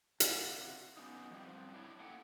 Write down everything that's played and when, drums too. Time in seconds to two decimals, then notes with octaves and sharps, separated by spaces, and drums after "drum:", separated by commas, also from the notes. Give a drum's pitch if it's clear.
0.20 C3 F#4 F5, drum: hi-hat
0.97 B3 C#4 D#4
1.31 F3 G3 C4
1.74 D4 E4 C#5
2.00 A#3 C#4 A4 F#5 G5